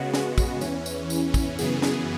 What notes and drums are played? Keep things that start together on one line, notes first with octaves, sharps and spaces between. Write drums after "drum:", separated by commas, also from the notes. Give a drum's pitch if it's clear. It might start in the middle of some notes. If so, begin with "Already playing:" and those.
Already playing: C#3 G#3 B3 F#4
drum: snare
drum: kick, tambourine
E2 E3 C#4, drum: tambourine
drum: tambourine
drum: tambourine
drum: kick, tambourine
F#2 C#3 E3 B3 G#4, drum: tambourine
drum: snare